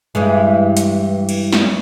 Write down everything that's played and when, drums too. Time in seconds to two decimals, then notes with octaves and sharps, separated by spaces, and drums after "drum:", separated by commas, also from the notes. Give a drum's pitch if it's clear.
0.15 G2 E3 G#3
0.77 drum: hi-hat
1.29 drum: cymbal
1.53 drum: snare